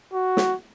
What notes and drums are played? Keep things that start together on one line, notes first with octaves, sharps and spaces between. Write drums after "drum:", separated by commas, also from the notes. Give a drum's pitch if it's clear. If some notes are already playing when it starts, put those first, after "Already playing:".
F#4
drum: snare